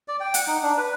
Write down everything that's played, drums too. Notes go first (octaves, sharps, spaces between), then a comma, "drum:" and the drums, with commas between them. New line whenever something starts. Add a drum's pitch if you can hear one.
D5
G5
F#5, drum: hi-hat
D#4
D4
B4